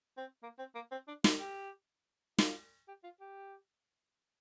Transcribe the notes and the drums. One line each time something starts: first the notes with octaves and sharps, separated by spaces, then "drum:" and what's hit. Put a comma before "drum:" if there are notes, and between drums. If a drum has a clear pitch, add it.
C4
A#3
C4
A#3
C4
D4
F4, drum: snare
G4
F4, drum: snare
G4
F4
G4